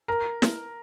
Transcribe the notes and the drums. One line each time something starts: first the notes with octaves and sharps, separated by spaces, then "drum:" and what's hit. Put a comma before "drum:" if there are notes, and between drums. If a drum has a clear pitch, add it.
A#4
drum: snare